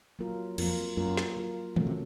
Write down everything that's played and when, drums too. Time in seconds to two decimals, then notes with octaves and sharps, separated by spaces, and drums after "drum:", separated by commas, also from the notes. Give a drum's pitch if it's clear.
0.19 F#3 A#3 F4 A#4
0.58 F2 F#3 A#3 F4 A#4, drum: cymbal
0.97 F#2 F#3 A#3 F4 A#4
1.17 drum: snare
1.36 F#3 A#3 F4 A#4
1.76 A#2 C#3 A3 C#4 F#4 A4, drum: tom
1.87 C3